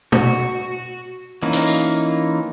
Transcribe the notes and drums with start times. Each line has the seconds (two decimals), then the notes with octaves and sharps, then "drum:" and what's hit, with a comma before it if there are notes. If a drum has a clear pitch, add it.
0.12 F#4, drum: tom
1.43 E3 A#3 C#4 D#4 F4
1.53 drum: hi-hat
1.66 drum: tambourine